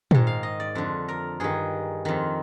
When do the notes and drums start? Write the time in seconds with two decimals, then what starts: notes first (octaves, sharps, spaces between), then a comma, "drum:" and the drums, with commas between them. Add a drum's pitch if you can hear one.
0.11 G#2 D#3, drum: tom A#2
0.27 F5
0.43 D#5
0.60 D5
0.75 F2 D3
1.08 A#4
1.40 G2 D#3 G#4
2.05 F2 D#3